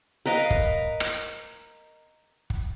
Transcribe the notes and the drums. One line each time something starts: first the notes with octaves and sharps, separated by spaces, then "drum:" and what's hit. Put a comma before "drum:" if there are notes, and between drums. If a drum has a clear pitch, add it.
A#4 B4 D#5 F5
drum: kick
drum: rim click
drum: kick